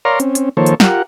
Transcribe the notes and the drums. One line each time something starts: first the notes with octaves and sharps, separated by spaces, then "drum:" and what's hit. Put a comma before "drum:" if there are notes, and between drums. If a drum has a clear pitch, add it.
A#4 C#5 D5 F5 A#5 C6
C4 C#4, drum: hi-hat
drum: hi-hat
D#3 F3 A#3 A4 C5 C#5
drum: hi-hat
F4 G4 A#4 F#5, drum: snare